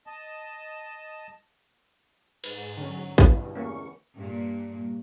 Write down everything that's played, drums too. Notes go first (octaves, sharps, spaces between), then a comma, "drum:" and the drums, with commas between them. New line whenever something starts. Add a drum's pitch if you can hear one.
D#5 A5
G#2 B4, drum: cymbal
D3 F#3 C#4
G2 B2 E3, drum: kick
E2 A3 A#3 C#4 C#6
G2 A#2